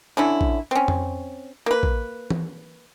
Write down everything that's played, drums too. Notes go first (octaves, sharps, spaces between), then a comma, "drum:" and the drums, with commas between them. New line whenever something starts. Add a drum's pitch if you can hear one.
D3 C#4 E4
drum: kick
C4 C#4
drum: tom F2
A#3 B4
drum: kick
drum: tom E3